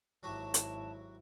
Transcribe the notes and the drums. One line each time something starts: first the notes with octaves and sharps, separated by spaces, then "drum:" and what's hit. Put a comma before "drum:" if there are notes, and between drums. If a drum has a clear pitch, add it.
G#1 F#3 E4 F#4 G4 A5
drum: hi-hat